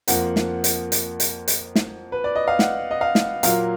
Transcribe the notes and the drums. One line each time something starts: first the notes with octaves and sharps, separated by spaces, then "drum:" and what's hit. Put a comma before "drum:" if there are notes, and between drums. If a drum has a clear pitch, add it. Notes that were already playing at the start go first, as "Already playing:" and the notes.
F2 F3 A#3 F#5, drum: hi-hat
drum: snare
drum: hi-hat
drum: hi-hat
drum: hi-hat
drum: hi-hat
drum: snare
B4
D5
D#5
F5
F#5, drum: snare
D#5
F5
drum: snare
A#2 F#3 A#3 F5, drum: hi-hat